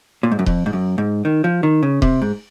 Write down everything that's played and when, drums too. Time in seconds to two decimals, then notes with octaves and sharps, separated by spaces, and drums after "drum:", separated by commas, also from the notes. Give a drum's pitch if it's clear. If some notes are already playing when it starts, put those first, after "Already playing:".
0.23 A#2
0.31 G#2
0.39 F#2
0.46 F2, drum: kick D#1
0.66 G#2
0.73 F#2
0.98 G#2
1.25 D#3
1.44 F3
1.63 D#3
1.83 C#3
2.02 C3, drum: kick D#1
2.22 G#2